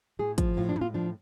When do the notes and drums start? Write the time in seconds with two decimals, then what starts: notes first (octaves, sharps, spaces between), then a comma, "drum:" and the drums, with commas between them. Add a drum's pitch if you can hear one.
0.19 A2 G#4
0.38 F3, drum: kick, hi-hat
0.57 A2 F4
0.69 D4
0.76 A2, drum: tom
0.81 F4
0.94 F3 D4